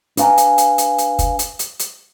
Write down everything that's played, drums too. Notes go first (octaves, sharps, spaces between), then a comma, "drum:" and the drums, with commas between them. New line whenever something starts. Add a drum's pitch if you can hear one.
D4 B4 F5 G#5 A#5, drum: hi-hat
drum: hi-hat
drum: hi-hat
drum: hi-hat
drum: hi-hat
drum: kick, hi-hat
drum: hi-hat
drum: hi-hat
drum: hi-hat